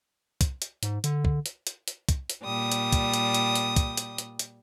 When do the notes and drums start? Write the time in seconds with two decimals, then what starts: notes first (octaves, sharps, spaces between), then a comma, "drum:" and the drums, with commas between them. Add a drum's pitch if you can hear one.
0.41 drum: kick, hi-hat
0.62 drum: hi-hat
0.83 G#2, drum: hi-hat
1.04 D3, drum: hi-hat
1.25 drum: kick
1.46 drum: hi-hat
1.67 drum: hi-hat
1.88 drum: hi-hat
2.09 drum: kick, hi-hat
2.30 drum: hi-hat
2.44 A#2 G3 D#6
2.72 drum: hi-hat
2.93 drum: kick, hi-hat
3.13 drum: hi-hat
3.34 drum: hi-hat
3.55 drum: hi-hat
3.76 drum: kick, hi-hat
3.97 drum: hi-hat
4.18 drum: hi-hat
4.39 drum: hi-hat